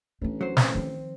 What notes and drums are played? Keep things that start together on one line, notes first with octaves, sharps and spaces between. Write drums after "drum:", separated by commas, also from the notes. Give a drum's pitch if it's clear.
A1 A3 D4
F#3 C5
C4, drum: snare
D#3 F3